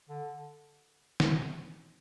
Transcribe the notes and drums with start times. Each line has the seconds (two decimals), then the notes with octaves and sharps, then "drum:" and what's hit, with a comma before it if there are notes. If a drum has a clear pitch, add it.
0.09 D3
1.20 drum: snare